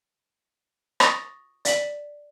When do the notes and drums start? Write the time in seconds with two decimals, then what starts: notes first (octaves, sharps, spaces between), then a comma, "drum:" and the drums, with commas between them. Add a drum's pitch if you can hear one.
1.00 C#6 D#6 A6 A#6, drum: rim click
1.65 D5 B6 F#7, drum: hi-hat